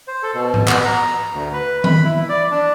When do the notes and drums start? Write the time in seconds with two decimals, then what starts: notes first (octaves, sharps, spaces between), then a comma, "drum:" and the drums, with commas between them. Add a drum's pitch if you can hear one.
0.08 C5
0.23 A4
0.34 B2
0.54 drum: tom G#2
0.68 B3, drum: clap
0.85 A#5
1.33 D2
1.53 B4
1.84 B5, drum: tom D#3
2.04 E4
2.29 D5
2.51 D4